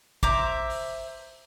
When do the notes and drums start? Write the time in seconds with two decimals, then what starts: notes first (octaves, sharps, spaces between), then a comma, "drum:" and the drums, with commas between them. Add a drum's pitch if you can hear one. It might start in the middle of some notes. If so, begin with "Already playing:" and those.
0.23 C5 E5 A#5 D6, drum: kick
0.70 drum: open hi-hat